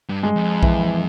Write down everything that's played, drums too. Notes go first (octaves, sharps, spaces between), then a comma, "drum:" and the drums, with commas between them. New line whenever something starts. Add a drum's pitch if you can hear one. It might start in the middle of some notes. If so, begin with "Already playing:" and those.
G2
G#3
F2
E3, drum: kick A#1